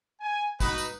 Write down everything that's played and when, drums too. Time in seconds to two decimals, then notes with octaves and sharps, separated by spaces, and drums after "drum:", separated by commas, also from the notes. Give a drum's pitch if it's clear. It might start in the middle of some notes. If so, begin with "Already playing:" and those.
0.21 G#5
0.60 D#4 F#4 B4, drum: kick, tambourine
0.78 drum: tambourine